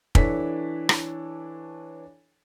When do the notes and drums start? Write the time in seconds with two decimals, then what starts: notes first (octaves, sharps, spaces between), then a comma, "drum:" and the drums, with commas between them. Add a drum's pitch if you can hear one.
0.15 E3 D4 A4 C#5 B6, drum: kick
0.89 drum: rim click